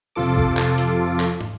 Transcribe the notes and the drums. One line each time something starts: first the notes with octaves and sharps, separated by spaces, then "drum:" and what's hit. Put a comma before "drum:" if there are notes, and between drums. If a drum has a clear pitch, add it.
F2 C3 F3 F4 A4 D6
drum: kick
drum: clap
drum: hi-hat
drum: clap
drum: tom